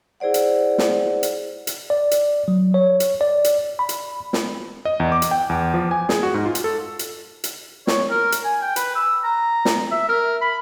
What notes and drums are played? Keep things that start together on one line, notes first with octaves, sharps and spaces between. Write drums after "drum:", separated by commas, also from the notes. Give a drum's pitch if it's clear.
E4 G#4 C5 D5 F#5
drum: hi-hat
drum: snare
drum: hi-hat
drum: hi-hat
D5
drum: hi-hat
F#3
C#5
drum: hi-hat
D5
drum: hi-hat
B5
drum: hi-hat
drum: snare
D#5
E2
D6
drum: hi-hat
G5
E2
F3
G#5
G#4, drum: snare
F#4
G#2
F4
drum: hi-hat
A4
drum: hi-hat
drum: hi-hat
C#5, drum: snare
A#4
drum: hi-hat
G#5
G5
B4, drum: hi-hat
E6
A#5
drum: snare
E5
A#4
B5